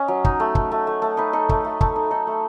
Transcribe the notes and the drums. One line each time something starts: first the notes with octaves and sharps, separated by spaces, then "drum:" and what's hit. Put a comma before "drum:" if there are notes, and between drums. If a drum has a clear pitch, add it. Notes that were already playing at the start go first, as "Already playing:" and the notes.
Already playing: C#4 D#5
F#3
D#4, drum: kick
A3
A3, drum: kick
A3
A3
A3
D#4 B4
D#4 A4
A3, drum: kick
A3
A3, drum: kick
D#4
D#4 A4
A3